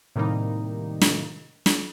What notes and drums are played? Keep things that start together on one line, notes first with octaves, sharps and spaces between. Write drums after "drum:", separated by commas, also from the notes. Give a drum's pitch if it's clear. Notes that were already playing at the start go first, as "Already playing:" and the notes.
A2 C3 D#3 G3 A#3 D#4
drum: snare
drum: snare